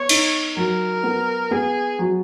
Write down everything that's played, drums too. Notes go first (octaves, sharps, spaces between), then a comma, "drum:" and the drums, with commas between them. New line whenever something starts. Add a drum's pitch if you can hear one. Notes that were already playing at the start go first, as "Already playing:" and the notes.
Already playing: B3 C#5
D#4, drum: cymbal
F#3 A#4
B3
B3 G#4
F#3